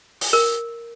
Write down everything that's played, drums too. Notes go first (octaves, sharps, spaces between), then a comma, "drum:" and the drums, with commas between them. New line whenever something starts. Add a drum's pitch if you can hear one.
drum: open hi-hat
A#4